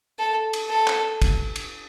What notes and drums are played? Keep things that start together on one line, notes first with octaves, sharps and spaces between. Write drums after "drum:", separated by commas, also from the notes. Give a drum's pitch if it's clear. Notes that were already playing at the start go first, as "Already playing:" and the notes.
A4
drum: cymbal
A4
drum: clap
drum: kick, cymbal
drum: cymbal